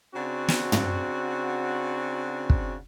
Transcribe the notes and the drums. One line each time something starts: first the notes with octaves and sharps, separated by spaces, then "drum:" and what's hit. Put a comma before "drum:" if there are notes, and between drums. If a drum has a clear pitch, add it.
C#3 C4 D4 F#4
drum: snare
drum: tom
drum: kick